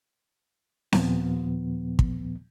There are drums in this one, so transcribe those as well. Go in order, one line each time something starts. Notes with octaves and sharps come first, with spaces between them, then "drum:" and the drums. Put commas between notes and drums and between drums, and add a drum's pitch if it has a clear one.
D#2 A#2 F3 B3, drum: snare C4
drum: kick